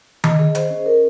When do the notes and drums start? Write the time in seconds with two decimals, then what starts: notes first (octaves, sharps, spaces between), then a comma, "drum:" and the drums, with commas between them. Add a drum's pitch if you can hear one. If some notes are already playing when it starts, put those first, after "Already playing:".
0.24 D#5, drum: tom D#3
0.39 G#4
0.55 C5, drum: hi-hat
0.70 C#4
0.86 A#4